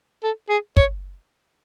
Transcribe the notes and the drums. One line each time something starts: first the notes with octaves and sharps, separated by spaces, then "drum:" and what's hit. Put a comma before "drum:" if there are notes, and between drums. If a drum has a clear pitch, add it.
A4
G#4
C#5, drum: kick